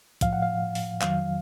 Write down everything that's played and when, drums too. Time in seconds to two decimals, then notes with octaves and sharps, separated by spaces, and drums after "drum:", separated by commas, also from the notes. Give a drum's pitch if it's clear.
0.21 A2 F3 F5, drum: kick B1, hi-hat
0.33 F#5
0.42 F5
0.75 drum: open hi-hat
1.01 F2 D#3 F#3 F5, drum: clap